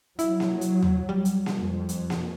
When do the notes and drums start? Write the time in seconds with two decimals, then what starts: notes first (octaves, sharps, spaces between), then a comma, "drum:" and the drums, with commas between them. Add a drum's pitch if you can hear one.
0.19 F#3 E4, drum: hi-hat
0.40 drum: snare A#3
0.61 drum: hi-hat
0.82 drum: tom D#2
1.09 G3
1.25 drum: hi-hat
1.46 drum: snare A#3
1.58 F2
1.89 drum: hi-hat
2.10 drum: snare A#3